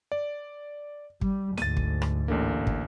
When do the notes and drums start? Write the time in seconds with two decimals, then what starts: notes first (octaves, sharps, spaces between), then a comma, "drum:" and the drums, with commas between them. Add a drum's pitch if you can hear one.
0.12 D5
1.21 G3, drum: kick
1.57 D2 G#2 A6 D#7, drum: snare
1.77 drum: kick
2.02 drum: rim click
2.28 A1 D3 A#3
2.67 drum: kick